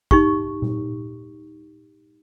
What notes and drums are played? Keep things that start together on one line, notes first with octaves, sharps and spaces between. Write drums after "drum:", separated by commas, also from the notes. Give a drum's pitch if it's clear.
D#4 G4 C#6, drum: kick
drum: tom A#2